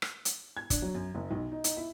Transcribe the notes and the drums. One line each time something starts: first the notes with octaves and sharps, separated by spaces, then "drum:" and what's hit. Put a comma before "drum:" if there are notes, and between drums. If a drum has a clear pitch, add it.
drum: rim click
drum: hi-hat
G#6
D4, drum: kick, hi-hat
F#3
F#2
F#1
B1
D#4
D#4, drum: hi-hat
E4